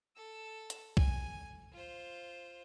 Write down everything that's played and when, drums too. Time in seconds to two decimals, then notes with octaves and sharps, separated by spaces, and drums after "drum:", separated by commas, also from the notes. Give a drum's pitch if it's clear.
0.16 A4 E6
0.70 drum: hi-hat
0.97 G#5, drum: kick C2
1.72 F4 C5